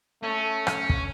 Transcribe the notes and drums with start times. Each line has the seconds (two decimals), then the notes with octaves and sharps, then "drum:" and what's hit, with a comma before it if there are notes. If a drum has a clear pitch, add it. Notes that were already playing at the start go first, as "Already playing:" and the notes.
0.23 A3 C#4
0.67 drum: rim click
0.89 drum: kick